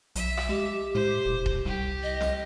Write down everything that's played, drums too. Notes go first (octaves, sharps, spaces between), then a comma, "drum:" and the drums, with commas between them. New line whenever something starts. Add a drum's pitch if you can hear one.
B1 E5, drum: hi-hat
drum: rim click
G#3 G4
A2 C5
E1
drum: kick D#1
C2 G4
D#5
drum: snare